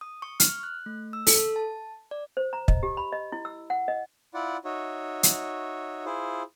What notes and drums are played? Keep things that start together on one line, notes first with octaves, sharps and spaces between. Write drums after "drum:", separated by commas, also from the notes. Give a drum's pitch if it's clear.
D#6
C#6
F6, drum: hi-hat
F#6
A3
E6
A4, drum: open hi-hat
A5
D5
C5
A#5
D#5, drum: kick
G4
B5
D#5
E4
E6
F#5
D#5
E4 F4 D5 F#5
D#4 F#4 C#5 E5
drum: hi-hat
E4 F4 G#4 C5